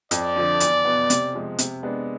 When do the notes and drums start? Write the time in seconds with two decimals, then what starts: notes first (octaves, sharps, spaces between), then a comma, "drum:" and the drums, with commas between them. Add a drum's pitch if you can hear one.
0.11 F2 D5, drum: hi-hat
0.36 D3 F3
0.60 E2, drum: hi-hat
0.85 B2 B3
1.10 C3, drum: hi-hat
1.34 F3 G#3
1.59 C3, drum: hi-hat
1.83 G#3 B3 D4